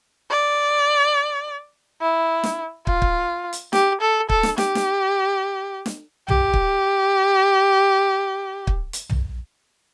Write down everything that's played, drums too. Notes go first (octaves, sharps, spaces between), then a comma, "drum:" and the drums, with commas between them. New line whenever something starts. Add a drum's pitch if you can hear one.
D5
E4
drum: snare
F4, drum: kick
drum: kick
drum: hi-hat
G4, drum: snare
A4
A4, drum: kick
drum: snare
G4, drum: snare
drum: snare
drum: snare
G4, drum: tom
drum: kick
drum: kick
drum: hi-hat
drum: tom